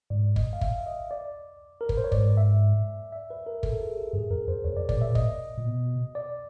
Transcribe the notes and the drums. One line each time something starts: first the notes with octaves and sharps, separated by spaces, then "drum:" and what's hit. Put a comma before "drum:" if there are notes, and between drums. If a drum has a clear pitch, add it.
G#2 D5
D#5, drum: kick
F5
E5, drum: kick
D#5
D5
A#4
B4, drum: kick
C5
C#5
G#2 D5, drum: kick
E5
E5
B4
A#4
A4, drum: kick
G#4
G4
G2 G#4
F#2 A#4
F2 C5
E2 C#5
F2 D5
A#2 D5, drum: kick
A#2 E5
D#5, drum: kick
A#2
B2
D5